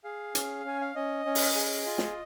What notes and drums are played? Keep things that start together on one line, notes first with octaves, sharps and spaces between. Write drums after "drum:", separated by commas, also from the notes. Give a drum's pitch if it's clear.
G#4 F5
C#4, drum: hi-hat
C#4 G#5
F5
C#4 D#5
C#4
drum: open hi-hat
G#4
F4
drum: snare